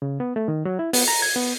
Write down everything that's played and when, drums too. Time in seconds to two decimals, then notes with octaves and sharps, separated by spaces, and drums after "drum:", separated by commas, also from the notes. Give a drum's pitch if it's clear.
0.02 C#3
0.20 B3
0.36 A3
0.48 D#3
0.65 F#3
0.79 E4
0.93 B3, drum: open hi-hat
1.08 A#5
1.22 G#6
1.36 B3